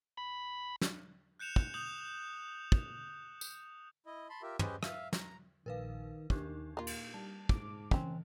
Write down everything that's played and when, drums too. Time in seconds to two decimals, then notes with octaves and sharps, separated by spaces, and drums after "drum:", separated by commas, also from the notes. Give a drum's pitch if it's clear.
0.17 B5
0.81 drum: snare
1.39 F#6 G6 C#7 E7 F7
1.56 drum: kick
1.74 D#6 G6 F7 F#7
2.72 drum: kick
3.41 drum: tambourine
4.06 E4 D#5
4.29 A5 B5 C6
4.42 F4 G4 A#4 E5
4.59 C#4 G4 G#4 B4 C5 D#5, drum: tom
4.83 E5 F5, drum: rim click
5.13 A#5, drum: snare
5.66 A#1 D#3 A#4 B4 F5
6.30 D#2 D#3 D4 D#4 G4, drum: kick
6.77 A#2 A#3 F4
6.87 drum: cymbal
7.14 G3 A5
7.49 G#2 D6, drum: kick
7.91 C#3 E3 C4 C#4, drum: kick